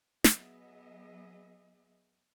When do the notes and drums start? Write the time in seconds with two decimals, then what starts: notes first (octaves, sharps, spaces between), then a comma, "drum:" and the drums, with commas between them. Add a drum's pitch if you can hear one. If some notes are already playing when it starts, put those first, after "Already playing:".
0.24 F#3 B3 G#4 D#5 E5, drum: snare